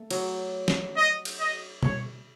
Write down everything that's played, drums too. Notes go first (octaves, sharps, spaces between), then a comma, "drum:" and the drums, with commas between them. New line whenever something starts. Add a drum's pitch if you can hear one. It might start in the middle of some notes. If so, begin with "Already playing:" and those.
Already playing: A3
F#3, drum: cymbal
drum: snare
D#5
drum: cymbal
D#5
C#5, drum: tom B2